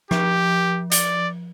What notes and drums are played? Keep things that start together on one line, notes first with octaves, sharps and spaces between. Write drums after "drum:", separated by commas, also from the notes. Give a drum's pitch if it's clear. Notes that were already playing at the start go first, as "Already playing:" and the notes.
F3 G4, drum: rim click
D5, drum: hi-hat